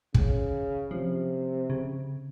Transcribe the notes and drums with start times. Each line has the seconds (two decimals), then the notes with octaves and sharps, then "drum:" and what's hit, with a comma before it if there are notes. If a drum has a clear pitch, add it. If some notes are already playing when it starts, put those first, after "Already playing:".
0.14 C#3, drum: kick
0.91 C3 F3
1.70 C#3